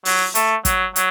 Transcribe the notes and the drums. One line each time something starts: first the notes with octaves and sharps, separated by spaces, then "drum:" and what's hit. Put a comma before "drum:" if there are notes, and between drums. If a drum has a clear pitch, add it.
F#3, drum: open hi-hat
A3, drum: hi-hat
F#3, drum: kick, hi-hat
F#3, drum: hi-hat